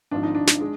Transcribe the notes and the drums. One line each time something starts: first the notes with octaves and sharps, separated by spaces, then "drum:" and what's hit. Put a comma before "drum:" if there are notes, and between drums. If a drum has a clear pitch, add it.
G#1 G#2 F3 D4
D#4
D4
drum: snare
G#3